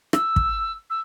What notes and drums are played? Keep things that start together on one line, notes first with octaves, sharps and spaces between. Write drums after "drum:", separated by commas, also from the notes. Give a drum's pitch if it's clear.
E6, drum: rim click
drum: kick
E6